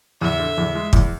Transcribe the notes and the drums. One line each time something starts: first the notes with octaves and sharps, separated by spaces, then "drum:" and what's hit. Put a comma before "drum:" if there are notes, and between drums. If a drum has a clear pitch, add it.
E2 E5
D3
E2
G#3
E2, drum: kick